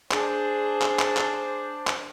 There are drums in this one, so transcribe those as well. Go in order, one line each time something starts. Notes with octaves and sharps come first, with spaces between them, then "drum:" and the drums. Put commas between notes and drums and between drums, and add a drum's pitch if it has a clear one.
D4 G#4 C5, drum: clap
drum: clap
drum: clap
drum: clap
drum: clap